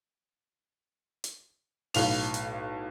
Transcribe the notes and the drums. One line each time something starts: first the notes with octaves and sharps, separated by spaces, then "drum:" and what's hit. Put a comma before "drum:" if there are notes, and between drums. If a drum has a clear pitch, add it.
drum: hi-hat
B1 A2 F5 F7, drum: open hi-hat
drum: hi-hat